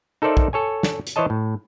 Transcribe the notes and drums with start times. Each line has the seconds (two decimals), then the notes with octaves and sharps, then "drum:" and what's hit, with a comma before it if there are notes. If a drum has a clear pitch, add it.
0.22 D#4 A4 A#4 C5 D5 E5
0.37 drum: kick
0.53 A4 C#5 G#5
0.83 drum: snare
1.07 drum: hi-hat
1.16 E3 C5 C#5 D#5 A5
1.30 A2